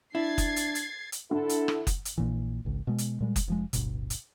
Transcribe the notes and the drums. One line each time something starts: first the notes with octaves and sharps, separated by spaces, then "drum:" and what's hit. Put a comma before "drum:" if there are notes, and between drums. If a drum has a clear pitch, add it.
D4 E4 G#6 A6 C7
drum: kick F#1, hi-hat
drum: hi-hat
drum: hi-hat
drum: hi-hat
D3 E4 A4
drum: hi-hat
drum: rim click
drum: kick F#1, hi-hat
drum: hi-hat
A#1 A#2 E3
G#1 C#2
B2 G#3
drum: hi-hat
A#2 G3 G#3
drum: kick F#1, hi-hat
F1 F3 G#3
D1 G1 B2, drum: hi-hat
drum: hi-hat